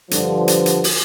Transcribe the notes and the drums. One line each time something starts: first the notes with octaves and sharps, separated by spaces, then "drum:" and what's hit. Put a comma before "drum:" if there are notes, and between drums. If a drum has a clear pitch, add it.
G2 D3 F3, drum: hi-hat
drum: hi-hat
drum: hi-hat
drum: open hi-hat